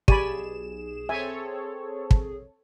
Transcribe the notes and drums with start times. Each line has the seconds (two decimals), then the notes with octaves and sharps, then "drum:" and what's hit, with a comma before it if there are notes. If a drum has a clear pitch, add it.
0.08 B1 G4 G#4 D5 G#5 B5 E7, drum: kick
1.09 C4 A4 C#5 E5 G#5
2.11 drum: kick